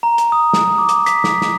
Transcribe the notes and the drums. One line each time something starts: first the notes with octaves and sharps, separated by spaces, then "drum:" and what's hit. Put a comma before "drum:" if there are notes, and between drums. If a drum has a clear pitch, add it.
A#5
drum: hi-hat
D#6
drum: snare
D6
drum: hi-hat
B6, drum: hi-hat
drum: snare
drum: snare